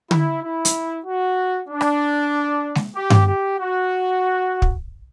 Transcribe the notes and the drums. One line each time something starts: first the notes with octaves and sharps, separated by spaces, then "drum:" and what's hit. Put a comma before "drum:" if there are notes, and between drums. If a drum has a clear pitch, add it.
E4, drum: tom D3
E4
drum: hi-hat
F#4
D4
drum: rim click
drum: snare
G4
drum: tom G2
G4
F#4
drum: kick